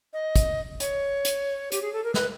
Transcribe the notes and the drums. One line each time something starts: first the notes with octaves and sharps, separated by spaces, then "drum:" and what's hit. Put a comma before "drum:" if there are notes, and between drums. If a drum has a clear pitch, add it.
D#5
drum: kick, hi-hat
C#5, drum: hi-hat
drum: hi-hat
G4, drum: hi-hat
G#4
A4
A#4
B4, drum: snare